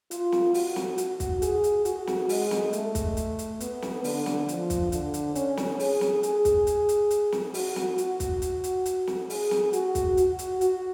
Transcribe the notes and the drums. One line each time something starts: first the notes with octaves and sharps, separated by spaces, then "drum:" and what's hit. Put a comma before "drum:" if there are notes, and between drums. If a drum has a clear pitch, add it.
F4, drum: hi-hat
drum: snare
F#4, drum: open hi-hat
drum: snare
F#4, drum: hi-hat
drum: kick, hi-hat
G#4, drum: hi-hat
drum: hi-hat
F#4, drum: hi-hat
drum: snare
G#3, drum: open hi-hat
drum: snare
A3, drum: hi-hat
drum: kick, hi-hat
drum: hi-hat
drum: hi-hat
B3, drum: hi-hat
drum: snare
D3, drum: open hi-hat
drum: snare
F3, drum: hi-hat
drum: kick, hi-hat
D3, drum: hi-hat
drum: hi-hat
C#4, drum: hi-hat
drum: snare
G#4, drum: open hi-hat
drum: snare
G#4, drum: hi-hat
drum: kick, hi-hat
drum: hi-hat
drum: hi-hat
drum: hi-hat
drum: snare
F#4, drum: open hi-hat
drum: snare
F#4, drum: hi-hat
drum: kick, hi-hat
drum: hi-hat
drum: hi-hat
drum: hi-hat
drum: snare
G#4, drum: open hi-hat
drum: snare
F#4, drum: hi-hat
drum: kick, hi-hat
F#4, drum: hi-hat
drum: hi-hat
F#4, drum: hi-hat